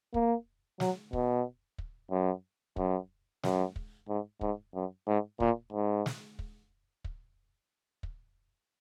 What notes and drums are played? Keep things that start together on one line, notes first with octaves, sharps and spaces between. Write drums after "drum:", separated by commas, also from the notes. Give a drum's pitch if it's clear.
A#3, drum: kick
F#3, drum: snare
B2, drum: kick
drum: kick
F#2
F#2, drum: kick
F#2, drum: snare
drum: kick
G#2
G#2, drum: kick
F#2
G#2
A#2, drum: kick
G#2
drum: snare
drum: kick
drum: kick
drum: kick